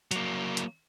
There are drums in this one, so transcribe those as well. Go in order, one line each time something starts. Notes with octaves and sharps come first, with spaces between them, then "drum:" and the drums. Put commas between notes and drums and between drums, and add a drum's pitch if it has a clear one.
F#3 A#3, drum: hi-hat
drum: hi-hat